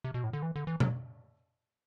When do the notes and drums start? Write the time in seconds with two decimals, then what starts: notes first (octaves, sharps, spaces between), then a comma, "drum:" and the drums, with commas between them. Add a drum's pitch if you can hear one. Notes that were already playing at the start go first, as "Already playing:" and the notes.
0.04 C3
0.14 B2
0.24 A2
0.33 D3
0.42 E3
0.56 D3
0.67 E3
0.80 F#3, drum: tom B2